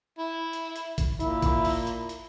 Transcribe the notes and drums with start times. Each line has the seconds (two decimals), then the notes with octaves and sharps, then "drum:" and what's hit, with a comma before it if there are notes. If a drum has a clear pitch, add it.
0.19 E4
0.53 drum: hi-hat
0.76 drum: hi-hat
0.98 drum: kick G#1, hi-hat
1.20 A#2 E4, drum: hi-hat
1.42 drum: kick G#1, hi-hat
1.65 drum: open hi-hat
1.87 drum: hi-hat
2.09 drum: hi-hat